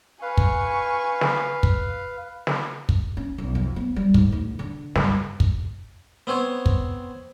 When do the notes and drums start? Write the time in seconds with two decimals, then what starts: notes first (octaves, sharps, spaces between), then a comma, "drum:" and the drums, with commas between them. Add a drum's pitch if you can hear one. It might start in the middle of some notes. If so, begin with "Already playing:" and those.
0.22 B4 F5 G#5 C#6
0.37 drum: kick
1.21 drum: snare
1.63 drum: kick
2.47 drum: snare
2.89 drum: kick
3.17 C#4
3.38 B1
3.55 F2
3.76 B3
3.96 G3
4.14 G#2, drum: kick
4.32 D2
4.59 D3
4.95 G2, drum: snare
5.40 drum: kick
6.27 B3 C4 C5 C#5
6.66 drum: kick